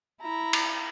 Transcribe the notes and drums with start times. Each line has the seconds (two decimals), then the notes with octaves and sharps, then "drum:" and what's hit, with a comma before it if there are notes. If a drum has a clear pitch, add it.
0.22 E4 A#5
0.53 drum: cymbal